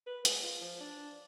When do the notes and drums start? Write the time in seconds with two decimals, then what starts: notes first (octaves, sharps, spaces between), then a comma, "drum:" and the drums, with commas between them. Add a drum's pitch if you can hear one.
0.06 B4
0.25 G#3, drum: hi-hat
0.43 F4
0.61 F3
0.80 D4